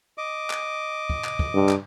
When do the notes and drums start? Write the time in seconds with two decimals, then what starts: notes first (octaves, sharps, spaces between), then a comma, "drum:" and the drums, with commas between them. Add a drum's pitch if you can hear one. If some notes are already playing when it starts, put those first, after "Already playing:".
0.18 D#5 D6
0.50 drum: clap
1.10 drum: kick
1.24 drum: clap
1.39 drum: kick
1.54 G2
1.69 drum: clap